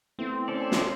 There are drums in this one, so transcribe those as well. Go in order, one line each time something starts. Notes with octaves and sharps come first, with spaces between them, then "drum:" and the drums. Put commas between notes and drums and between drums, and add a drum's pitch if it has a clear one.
A3 B3 C4 E4
C#4 A4 C5 D5
drum: snare